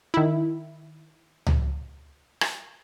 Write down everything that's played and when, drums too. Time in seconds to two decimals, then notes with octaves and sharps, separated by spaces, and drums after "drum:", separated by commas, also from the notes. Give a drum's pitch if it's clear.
0.14 D#3 E4
1.47 drum: tom C#2
2.41 drum: rim click